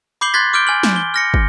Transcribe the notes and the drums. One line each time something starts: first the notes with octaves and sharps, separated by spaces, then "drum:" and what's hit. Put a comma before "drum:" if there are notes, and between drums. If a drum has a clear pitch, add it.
B5 D6 G6 C7 F#7 G7
C6 F#6 G#6 A6 B6
D6 F6 G6 D7 G7
G#5 F6 F#7
drum: snare
G7
F6 A#6 C#7
drum: kick